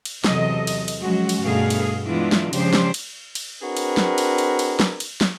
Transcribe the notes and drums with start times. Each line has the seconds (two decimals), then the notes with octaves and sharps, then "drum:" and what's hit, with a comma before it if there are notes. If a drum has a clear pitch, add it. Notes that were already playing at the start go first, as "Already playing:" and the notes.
0.05 drum: cymbal
0.24 E2 C3 F#3 A4 D#5, drum: snare
0.67 drum: cymbal
0.88 drum: cymbal
1.00 F3 F#3 G#3 C#4 F#4
1.29 drum: cymbal
1.42 G2 B2 A3 B3 G#4 F5
1.70 drum: cymbal
2.06 E3 G#3 B3 D4 E4 F4
2.32 drum: snare
2.53 C#3 F3 G#3 D4 G4 C5, drum: cymbal
2.73 drum: snare
2.94 drum: cymbal
3.35 drum: cymbal
3.62 C4 D4 F#4 G#4 A#4 B4
3.77 drum: cymbal
3.97 drum: snare
4.18 drum: cymbal
4.38 drum: cymbal
4.59 drum: cymbal
4.80 drum: snare
5.00 drum: cymbal
5.21 drum: snare